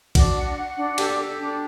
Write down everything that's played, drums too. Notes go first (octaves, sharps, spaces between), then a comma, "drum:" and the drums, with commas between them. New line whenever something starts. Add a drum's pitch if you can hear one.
D4 F#4, drum: kick A#1, cymbal
F#5
F#5
D4
G4 A4, drum: cymbal
A4
D4